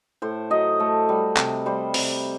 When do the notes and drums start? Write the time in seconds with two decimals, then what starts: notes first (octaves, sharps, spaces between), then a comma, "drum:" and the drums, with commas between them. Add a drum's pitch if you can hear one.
0.22 A2 C5
0.50 F#3 D#5
0.80 A3
1.09 G3
1.37 C3, drum: clap
1.66 G3 C5
1.94 C3, drum: open hi-hat